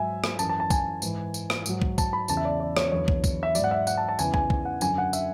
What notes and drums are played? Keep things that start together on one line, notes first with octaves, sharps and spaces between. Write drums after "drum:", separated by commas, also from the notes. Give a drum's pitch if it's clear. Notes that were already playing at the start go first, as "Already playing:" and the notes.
Already playing: G#2 F#3 E5 G#5
drum: rim click
F#2 E3 A5, drum: tambourine
A5
A5
G#5, drum: kick, tambourine
G#2 E3, drum: tambourine
drum: tambourine
drum: rim click
G#2 F#3, drum: tambourine
drum: kick
A5, drum: kick, tambourine
B5
E2 C#3 E3 A5, drum: tambourine
E5
D5
D5
C#5, drum: rim click
E2 D3 F#3 C#5
drum: kick
drum: kick, tambourine
E5
G#2 F#3 D5, drum: tambourine
F#5
E5
F#5, drum: tambourine
A5
A5
E2 C#3 E3 G#5, drum: tambourine
G#5, drum: kick
drum: kick
F#5
F#2 D3 F#3 G#5, drum: tambourine
F#5
E5, drum: tambourine